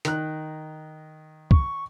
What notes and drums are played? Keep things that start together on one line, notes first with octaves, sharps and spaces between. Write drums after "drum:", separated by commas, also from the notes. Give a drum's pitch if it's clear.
D#3 A#5 F#6, drum: hi-hat
C#6, drum: kick